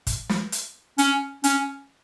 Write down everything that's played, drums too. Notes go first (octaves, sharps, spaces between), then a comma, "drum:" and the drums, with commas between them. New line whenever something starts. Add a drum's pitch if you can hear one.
drum: kick, hi-hat
drum: snare
drum: hi-hat
C#4, drum: hi-hat
C#4, drum: hi-hat